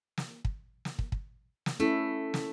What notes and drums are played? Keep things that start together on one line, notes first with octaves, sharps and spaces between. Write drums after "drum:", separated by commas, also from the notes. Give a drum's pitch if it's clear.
drum: snare
drum: kick
drum: snare
drum: kick
drum: kick
drum: snare
A3 C#4 E4
drum: snare